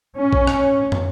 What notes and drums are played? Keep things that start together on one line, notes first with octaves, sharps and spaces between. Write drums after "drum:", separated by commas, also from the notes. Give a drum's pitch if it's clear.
C#4
drum: kick A#1
drum: rim click
drum: tom